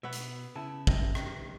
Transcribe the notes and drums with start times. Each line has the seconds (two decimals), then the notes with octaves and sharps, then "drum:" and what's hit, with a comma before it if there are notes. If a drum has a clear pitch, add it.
0.03 B2 B3 C#5 E5
0.12 drum: hi-hat
0.56 C#3 E4 A5
0.87 C3 D#5, drum: kick
1.15 D#3, drum: rim click